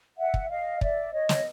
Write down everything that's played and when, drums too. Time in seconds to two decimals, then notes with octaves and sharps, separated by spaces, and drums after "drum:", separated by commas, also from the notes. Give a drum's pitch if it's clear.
0.17 E5 F#5
0.34 drum: kick
0.50 D#5 F5
0.81 D5 E5, drum: kick
1.13 C#5 D#5
1.29 drum: snare